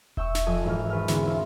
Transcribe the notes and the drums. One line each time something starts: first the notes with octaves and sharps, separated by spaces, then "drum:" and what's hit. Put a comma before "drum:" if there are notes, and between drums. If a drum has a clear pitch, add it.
E5 G5 C#6 E6, drum: kick E1
drum: snare
F2 G#5 D#6
G#1 E3 F6
E1 B4 C#6 F6
D3 E3 B3 C4, drum: snare
E4 F5 C6